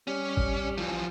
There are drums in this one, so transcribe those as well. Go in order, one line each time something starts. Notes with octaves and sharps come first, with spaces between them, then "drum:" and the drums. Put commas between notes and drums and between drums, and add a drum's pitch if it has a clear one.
G3 C#4
drum: kick
E3 F3